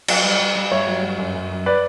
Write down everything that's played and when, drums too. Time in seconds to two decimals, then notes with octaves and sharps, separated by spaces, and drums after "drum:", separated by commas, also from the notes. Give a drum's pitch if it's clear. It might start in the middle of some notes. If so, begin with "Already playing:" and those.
0.08 F#3, drum: cymbal
0.23 G3
0.40 G3
0.55 G3
0.72 G2 C#5 E5
0.87 F#3
1.03 G2
1.18 F#2
1.35 F#2
1.51 F#2
1.66 B4 D5